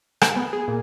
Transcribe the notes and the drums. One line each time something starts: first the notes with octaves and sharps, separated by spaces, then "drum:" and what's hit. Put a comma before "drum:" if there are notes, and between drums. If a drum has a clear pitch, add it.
E7, drum: rim click
B3
G#4
A#2